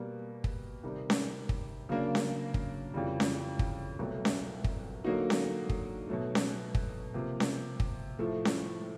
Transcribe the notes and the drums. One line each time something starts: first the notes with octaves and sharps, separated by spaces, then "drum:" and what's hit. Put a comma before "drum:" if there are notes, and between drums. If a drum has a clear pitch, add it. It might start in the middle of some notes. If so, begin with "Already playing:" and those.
Already playing: B2 G3 A#3
drum: kick
C3 D#3 G3
drum: snare C#4
drum: kick
C#3 F#3 A#3 D4
drum: snare C#4
drum: kick
F2 C#3 E3 G3
drum: snare C#4
drum: kick
C2 B2 F#3 A3
drum: snare C#4
drum: kick
D3 F#3 A#3 D#4 F#4
drum: snare C#4
drum: kick
B2 F#3 A3
drum: snare C#4
drum: kick
C3 F3 A#3
drum: snare C#4
drum: kick
A2 F3 A3
drum: snare C#4